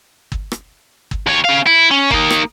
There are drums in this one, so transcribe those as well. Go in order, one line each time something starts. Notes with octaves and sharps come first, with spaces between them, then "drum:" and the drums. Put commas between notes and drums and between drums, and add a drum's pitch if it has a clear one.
drum: kick
drum: rim click
drum: kick
D#2 C#5
C#4 F5
E4
C#4
A#3 D#4, drum: kick
drum: rim click